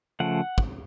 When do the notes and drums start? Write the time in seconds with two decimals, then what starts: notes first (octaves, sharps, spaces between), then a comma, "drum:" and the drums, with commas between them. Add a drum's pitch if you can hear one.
0.20 C#3 F3 A3 F#5
0.58 drum: kick